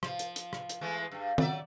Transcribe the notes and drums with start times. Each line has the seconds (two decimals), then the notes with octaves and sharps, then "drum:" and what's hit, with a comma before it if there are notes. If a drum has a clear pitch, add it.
0.03 F3, drum: rim click
0.19 drum: hi-hat
0.36 drum: hi-hat
0.53 drum: rim click
0.69 drum: hi-hat
0.81 E3 G#3 A3
1.12 G2 G3
1.38 F#3 D5 E5, drum: tom D#3